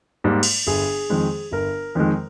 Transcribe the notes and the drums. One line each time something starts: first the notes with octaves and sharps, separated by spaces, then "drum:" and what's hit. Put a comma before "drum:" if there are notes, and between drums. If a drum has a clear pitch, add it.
G#2 G3 A#3
drum: cymbal
G1 G#4
F2 D#3 G#3
G1 A#4
F2 D#3 G#3